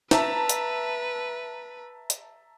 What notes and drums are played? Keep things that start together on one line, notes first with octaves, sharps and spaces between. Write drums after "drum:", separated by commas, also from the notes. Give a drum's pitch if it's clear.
B4 E5 A5 A#5, drum: snare
drum: hi-hat
drum: hi-hat